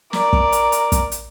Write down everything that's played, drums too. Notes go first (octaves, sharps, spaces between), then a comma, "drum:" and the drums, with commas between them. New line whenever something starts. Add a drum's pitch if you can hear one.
A#4 D5, drum: snare
drum: kick
drum: hi-hat
drum: hi-hat
drum: kick, hi-hat
drum: hi-hat